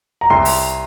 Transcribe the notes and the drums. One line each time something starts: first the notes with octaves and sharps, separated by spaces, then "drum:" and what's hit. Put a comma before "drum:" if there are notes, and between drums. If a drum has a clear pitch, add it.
A#5
C2 C6
drum: open hi-hat